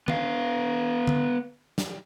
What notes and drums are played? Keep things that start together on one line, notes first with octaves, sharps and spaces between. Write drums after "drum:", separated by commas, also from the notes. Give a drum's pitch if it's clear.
B3 F5, drum: tom D#3
drum: tom D3
drum: snare